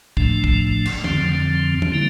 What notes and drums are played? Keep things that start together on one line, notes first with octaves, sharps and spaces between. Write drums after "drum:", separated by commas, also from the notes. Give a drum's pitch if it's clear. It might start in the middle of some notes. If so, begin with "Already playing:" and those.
A2 F3 A3 D4, drum: kick
drum: kick
drum: cymbal
F2 D3 F3 C4, drum: tom
drum: tom
D3 G3 A#3 E4